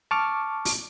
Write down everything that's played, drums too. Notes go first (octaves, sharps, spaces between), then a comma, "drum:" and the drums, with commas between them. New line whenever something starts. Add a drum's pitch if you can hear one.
A5 C#6 D6 F6
drum: open hi-hat